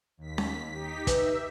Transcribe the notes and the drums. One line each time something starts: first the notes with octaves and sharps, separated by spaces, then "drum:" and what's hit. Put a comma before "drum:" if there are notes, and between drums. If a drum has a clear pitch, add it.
D#2 B6
drum: snare C#4
D#4 G4 B6
B4 E5, drum: kick, hi-hat